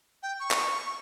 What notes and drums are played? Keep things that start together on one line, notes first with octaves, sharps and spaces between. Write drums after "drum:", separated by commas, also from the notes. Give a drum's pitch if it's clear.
G5
C#6
drum: clap